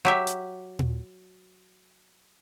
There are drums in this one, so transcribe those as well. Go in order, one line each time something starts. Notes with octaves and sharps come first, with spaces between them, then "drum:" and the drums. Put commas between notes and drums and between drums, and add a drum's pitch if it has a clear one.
F#3 G4 E5
drum: hi-hat
drum: tom